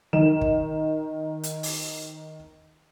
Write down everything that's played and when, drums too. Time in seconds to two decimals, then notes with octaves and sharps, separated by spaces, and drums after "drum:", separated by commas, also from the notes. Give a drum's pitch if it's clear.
0.13 D#3 E7
0.41 drum: kick
1.43 drum: hi-hat
1.63 drum: open hi-hat